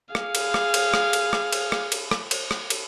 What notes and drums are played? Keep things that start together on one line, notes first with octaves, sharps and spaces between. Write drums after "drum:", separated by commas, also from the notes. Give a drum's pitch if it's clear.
G#4 F5, drum: rim click
drum: cymbal
drum: rim click
drum: cymbal
drum: rim click
drum: cymbal
drum: rim click
drum: cymbal
drum: rim click
drum: cymbal
drum: rim click
drum: cymbal
drum: rim click
drum: cymbal